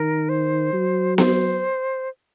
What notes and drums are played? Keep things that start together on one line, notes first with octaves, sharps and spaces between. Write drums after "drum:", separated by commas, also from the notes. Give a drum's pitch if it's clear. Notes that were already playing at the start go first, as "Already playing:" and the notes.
Already playing: D#3 A#4
C5
F#3
C5, drum: snare B3